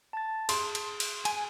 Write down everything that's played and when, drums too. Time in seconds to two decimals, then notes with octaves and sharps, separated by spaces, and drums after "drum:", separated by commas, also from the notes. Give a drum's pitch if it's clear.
0.13 A5 A6
0.49 G#4 C6, drum: cymbal
0.75 drum: cymbal
1.00 drum: cymbal
1.25 G#5, drum: cymbal